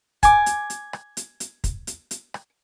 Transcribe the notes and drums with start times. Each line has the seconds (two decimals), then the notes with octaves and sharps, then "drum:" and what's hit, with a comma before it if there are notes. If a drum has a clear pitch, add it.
0.23 G#5 D6, drum: kick, hi-hat
0.46 drum: hi-hat
0.70 drum: hi-hat
0.93 drum: rim click
1.17 drum: hi-hat
1.40 drum: hi-hat
1.64 drum: kick, hi-hat
1.87 drum: hi-hat
2.11 drum: hi-hat
2.34 drum: rim click